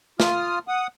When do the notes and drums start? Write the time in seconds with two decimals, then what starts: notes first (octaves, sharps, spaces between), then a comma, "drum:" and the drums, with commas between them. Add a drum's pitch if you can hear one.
0.20 F4 D#6 F6, drum: snare
0.68 F#5 D#6